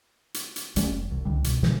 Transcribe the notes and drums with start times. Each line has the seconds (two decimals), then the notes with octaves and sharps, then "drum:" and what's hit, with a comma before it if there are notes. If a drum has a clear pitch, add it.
0.34 drum: hi-hat
0.56 drum: hi-hat
0.76 A#1 G3 A3 C#4, drum: hi-hat
0.90 F1
1.11 C2
1.25 C#2 D3 G3
1.44 C2 B2, drum: hi-hat
1.63 B2 D3 F3 G#3, drum: snare